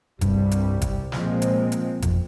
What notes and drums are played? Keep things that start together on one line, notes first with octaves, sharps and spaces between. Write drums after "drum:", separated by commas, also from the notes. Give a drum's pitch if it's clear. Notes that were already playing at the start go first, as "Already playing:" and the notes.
C2 G2 C3 G3, drum: kick G1, hi-hat
drum: hi-hat
drum: kick G1, hi-hat
A#2 F3 G#3 C4, drum: snare
drum: hi-hat
drum: hi-hat
F2, drum: kick G1, hi-hat